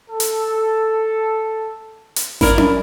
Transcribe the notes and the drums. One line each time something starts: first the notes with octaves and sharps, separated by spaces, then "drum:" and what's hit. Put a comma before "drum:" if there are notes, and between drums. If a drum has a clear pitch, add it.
A4
drum: hi-hat
drum: hi-hat
E4 A#4 D5, drum: snare G#1
drum: tom C#4